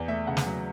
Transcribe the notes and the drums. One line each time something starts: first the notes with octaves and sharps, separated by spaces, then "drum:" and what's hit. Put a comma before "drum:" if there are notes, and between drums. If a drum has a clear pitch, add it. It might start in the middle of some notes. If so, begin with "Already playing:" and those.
Already playing: E2 D5
A3 E5
C#3 F#5
drum: snare
F#3